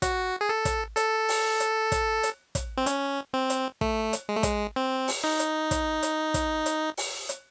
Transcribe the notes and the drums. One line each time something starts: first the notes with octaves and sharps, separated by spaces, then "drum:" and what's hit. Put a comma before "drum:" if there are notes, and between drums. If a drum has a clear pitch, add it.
F#4, drum: kick, hi-hat
G#4
A4
drum: kick, hi-hat
A4, drum: hi-hat
drum: open hi-hat
drum: hi-hat
drum: kick, hi-hat
drum: hi-hat
drum: kick, hi-hat
C4
C#4, drum: hi-hat
C4
drum: hi-hat
A3, drum: kick
drum: hi-hat
G#3
A3
G#3, drum: kick, hi-hat
C4
drum: open hi-hat
D#4
drum: hi-hat
drum: kick, hi-hat
drum: hi-hat
drum: kick, hi-hat
drum: hi-hat
drum: open hi-hat
drum: hi-hat